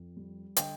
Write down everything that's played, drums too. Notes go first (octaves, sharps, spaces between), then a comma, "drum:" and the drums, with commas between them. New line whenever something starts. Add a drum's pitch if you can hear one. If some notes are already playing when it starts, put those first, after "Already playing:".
Already playing: F2
G3
D3 D#5 G5, drum: hi-hat